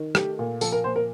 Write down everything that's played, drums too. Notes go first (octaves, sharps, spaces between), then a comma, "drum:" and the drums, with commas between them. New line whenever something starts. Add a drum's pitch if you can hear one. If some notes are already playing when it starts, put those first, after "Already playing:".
Already playing: D#3
A3 G4, drum: rim click
A#2
F3 A4, drum: tambourine
A#4
A#2 C5
A#4